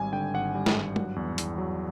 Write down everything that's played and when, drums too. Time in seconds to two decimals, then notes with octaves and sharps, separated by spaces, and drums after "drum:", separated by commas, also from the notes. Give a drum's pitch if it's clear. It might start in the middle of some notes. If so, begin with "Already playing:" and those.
Already playing: G#1 G3 G#5
0.13 D3 G5
0.33 G#1 F#5
0.55 G3
0.66 drum: snare
0.76 G2
0.96 F#3, drum: tom
1.16 E2
1.38 E2, drum: hi-hat
1.58 F#3